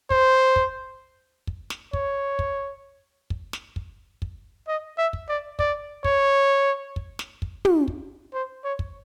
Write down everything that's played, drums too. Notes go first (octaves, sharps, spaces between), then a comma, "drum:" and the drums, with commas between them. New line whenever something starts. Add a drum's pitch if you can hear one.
C5, drum: kick
drum: kick
drum: kick
drum: snare
C#5, drum: kick
drum: kick
drum: kick
drum: snare
drum: kick
drum: kick
D#5
E5
drum: kick
D5
D5, drum: kick
C#5, drum: kick
drum: kick
drum: snare
drum: kick
drum: tom
drum: kick
C5
C#5
drum: kick